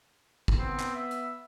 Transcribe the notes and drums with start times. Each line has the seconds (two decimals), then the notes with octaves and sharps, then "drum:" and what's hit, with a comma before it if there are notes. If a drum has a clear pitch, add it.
0.48 drum: kick
0.59 B3 C4
0.80 drum: clap
0.95 E5
1.11 drum: hi-hat